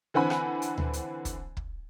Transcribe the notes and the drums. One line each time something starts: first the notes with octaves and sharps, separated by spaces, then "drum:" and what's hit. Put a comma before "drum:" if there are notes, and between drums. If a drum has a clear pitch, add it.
D3 E3 C4 F#5 G#5 B5
drum: rim click
drum: hi-hat
drum: tom D2
drum: hi-hat
drum: kick, hi-hat
drum: kick